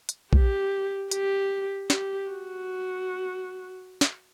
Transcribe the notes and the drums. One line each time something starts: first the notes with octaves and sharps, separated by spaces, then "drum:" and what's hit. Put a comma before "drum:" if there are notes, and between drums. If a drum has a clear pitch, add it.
drum: hi-hat
G4, drum: kick A#1
G4, drum: hi-hat
G4, drum: snare
F#4
drum: snare